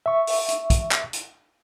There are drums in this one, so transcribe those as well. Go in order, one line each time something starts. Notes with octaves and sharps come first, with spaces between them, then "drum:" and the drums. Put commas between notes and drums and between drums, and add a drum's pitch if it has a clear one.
E5 C#6
drum: open hi-hat
drum: hi-hat
drum: kick, hi-hat
drum: clap
drum: hi-hat